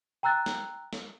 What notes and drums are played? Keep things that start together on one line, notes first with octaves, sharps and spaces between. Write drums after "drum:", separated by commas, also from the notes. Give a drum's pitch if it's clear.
G5 A#5 E6 F#6 A6
drum: snare
drum: snare